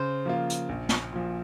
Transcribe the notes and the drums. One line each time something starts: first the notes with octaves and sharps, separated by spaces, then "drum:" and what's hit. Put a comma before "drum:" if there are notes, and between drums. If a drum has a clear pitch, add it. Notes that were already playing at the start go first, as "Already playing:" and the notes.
Already playing: C#3 C5
F3 A#3 F4
drum: hi-hat
A#1
drum: snare
A#2 F3